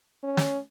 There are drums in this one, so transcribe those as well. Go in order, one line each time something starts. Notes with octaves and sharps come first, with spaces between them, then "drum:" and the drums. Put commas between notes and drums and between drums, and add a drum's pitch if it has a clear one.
C#4
drum: snare